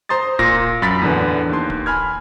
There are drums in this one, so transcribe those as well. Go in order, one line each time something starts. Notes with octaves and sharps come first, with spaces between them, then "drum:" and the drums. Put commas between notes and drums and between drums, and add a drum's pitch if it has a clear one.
C5 A#5 C6 D#6 A6
A#2 A#6, drum: kick
F#2 B5 A6 B6
E2 A2 D3 B4
D#2 C6
drum: kick
G#5 B5 F6 G#6